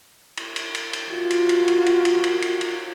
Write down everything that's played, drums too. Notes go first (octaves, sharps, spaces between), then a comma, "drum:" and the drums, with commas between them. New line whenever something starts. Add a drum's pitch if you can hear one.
drum: cymbal
drum: cymbal
drum: cymbal
drum: cymbal
F4 F#4
drum: cymbal
drum: cymbal
drum: cymbal
drum: cymbal
drum: cymbal
drum: cymbal
drum: cymbal
drum: cymbal